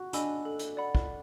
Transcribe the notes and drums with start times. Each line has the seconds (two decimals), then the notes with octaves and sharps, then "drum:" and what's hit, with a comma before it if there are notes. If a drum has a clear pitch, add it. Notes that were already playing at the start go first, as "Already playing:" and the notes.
Already playing: F#4
0.13 D4 D#5 G#5 B5 E6, drum: hi-hat
0.45 A4
0.59 drum: hi-hat
0.77 D5 F#5 B5
0.95 drum: kick